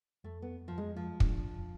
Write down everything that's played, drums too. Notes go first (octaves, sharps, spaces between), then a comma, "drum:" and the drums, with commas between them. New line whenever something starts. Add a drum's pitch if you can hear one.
F2 A3
F2 B3
F2 F3
G#3
F3 G#3
D4, drum: kick
F2